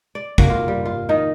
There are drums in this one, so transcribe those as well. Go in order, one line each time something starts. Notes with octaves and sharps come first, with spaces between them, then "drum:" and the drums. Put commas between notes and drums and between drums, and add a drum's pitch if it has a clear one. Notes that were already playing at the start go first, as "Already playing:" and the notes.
D5
A#3 F#4, drum: kick
F4
G3
F4
D#3 D#4